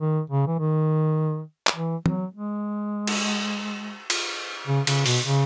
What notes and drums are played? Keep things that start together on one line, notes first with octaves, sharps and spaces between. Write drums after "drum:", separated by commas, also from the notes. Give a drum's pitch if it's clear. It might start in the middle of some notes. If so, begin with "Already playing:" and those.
D#3
C#3
E3
D#3
drum: clap
E3
F#3, drum: tom
G#3
drum: cymbal
drum: cymbal
C#3
C#3, drum: cymbal
B2, drum: open hi-hat
C#3